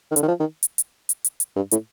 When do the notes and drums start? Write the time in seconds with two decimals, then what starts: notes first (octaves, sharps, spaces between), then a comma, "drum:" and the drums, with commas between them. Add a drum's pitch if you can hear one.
0.11 D#3
0.16 D3, drum: hi-hat
0.23 D#3
0.28 F3
0.40 D#3
0.63 drum: hi-hat
0.78 drum: hi-hat
1.09 drum: hi-hat
1.25 drum: hi-hat
1.40 drum: hi-hat
1.56 G2
1.72 A2, drum: hi-hat